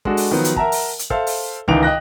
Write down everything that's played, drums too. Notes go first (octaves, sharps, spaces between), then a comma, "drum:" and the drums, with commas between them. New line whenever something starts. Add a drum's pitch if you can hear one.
G#3 D4 F#4 A4, drum: kick
drum: open hi-hat
D#3 F3 F#3 B3
drum: hi-hat
A#4 E5 F#5 A5 A#5, drum: kick
drum: open hi-hat
drum: hi-hat
A4 C5 E5 F5, drum: kick
drum: open hi-hat
C#2 D#3 E3 D#4 D7 F7, drum: kick
D#5 G5 F#6 A#6